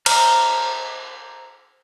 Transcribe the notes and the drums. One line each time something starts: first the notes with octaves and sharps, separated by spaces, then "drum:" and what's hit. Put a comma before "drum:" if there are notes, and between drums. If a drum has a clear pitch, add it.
C5 A#5 F6, drum: cymbal